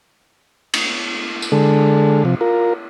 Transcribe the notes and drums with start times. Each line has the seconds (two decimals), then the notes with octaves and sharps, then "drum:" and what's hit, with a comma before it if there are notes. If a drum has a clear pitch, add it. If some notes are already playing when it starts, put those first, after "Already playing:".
0.74 drum: cymbal
1.42 drum: tambourine
1.52 D3 G#3 A4
2.25 C3 F3
2.41 F4 A#4